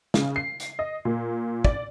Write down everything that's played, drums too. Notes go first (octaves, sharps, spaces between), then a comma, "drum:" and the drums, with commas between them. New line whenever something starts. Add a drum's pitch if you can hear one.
C#3, drum: snare
C7
drum: hi-hat
D#5
A#2
D5, drum: kick